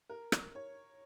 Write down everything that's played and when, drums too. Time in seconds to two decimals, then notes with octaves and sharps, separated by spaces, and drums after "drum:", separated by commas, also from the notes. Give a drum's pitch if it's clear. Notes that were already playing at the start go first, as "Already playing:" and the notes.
0.09 A#4
0.32 drum: rim click
0.55 C#5